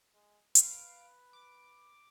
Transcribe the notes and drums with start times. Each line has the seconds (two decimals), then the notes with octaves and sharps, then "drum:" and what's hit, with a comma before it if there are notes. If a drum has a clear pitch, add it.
0.14 G#3
0.55 B4 F5 D7, drum: hi-hat
1.33 D6